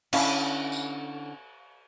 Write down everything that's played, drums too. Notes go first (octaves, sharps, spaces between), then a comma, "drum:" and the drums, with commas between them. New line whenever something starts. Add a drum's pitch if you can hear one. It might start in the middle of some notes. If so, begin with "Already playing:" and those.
D3 C#4 E4 F5 A5, drum: cymbal
drum: tambourine